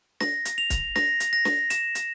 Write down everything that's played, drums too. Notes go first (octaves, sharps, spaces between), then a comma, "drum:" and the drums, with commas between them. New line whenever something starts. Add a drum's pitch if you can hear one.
A#6, drum: snare
drum: hi-hat
F7
drum: kick, hi-hat
A#6, drum: snare
drum: hi-hat
A#6
drum: snare
E7, drum: hi-hat
drum: hi-hat